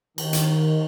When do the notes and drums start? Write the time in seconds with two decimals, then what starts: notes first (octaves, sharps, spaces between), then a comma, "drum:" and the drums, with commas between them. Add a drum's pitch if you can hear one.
0.18 D#3, drum: cymbal
0.33 drum: hi-hat